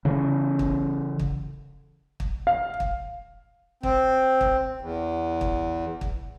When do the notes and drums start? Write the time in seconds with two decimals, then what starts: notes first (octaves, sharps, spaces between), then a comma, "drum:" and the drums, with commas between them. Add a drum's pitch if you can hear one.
0.05 C#3 E3 C#4
0.59 drum: kick
1.19 drum: kick
2.20 drum: kick
2.47 F5
2.80 drum: kick
3.83 C4, drum: kick
4.41 drum: kick
4.81 E2
5.41 drum: kick
6.01 drum: kick